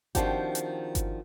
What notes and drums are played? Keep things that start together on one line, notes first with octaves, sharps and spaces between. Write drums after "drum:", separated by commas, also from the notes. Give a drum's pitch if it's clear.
D#3 F3 C4 D4 F#4 G4, drum: kick G1, hi-hat
drum: hi-hat
drum: kick G1, hi-hat